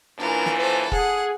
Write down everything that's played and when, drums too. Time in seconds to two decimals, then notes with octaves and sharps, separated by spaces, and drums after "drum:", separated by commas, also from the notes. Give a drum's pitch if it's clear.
0.18 F#2 A#2 E3 D4 A#4
0.46 drum: snare
0.58 A4 C5
0.92 G#4 F#5, drum: kick